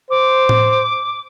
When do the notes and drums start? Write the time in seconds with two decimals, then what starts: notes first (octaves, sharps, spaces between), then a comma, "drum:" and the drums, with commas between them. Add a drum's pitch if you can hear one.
0.10 C5 D6
0.49 drum: tom A2